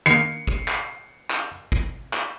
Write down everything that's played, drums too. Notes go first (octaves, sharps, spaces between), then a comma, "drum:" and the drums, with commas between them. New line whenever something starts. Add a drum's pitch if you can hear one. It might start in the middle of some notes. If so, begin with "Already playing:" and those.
D#3 A#3 C7 C#7
drum: kick
drum: clap
drum: clap
drum: kick
drum: clap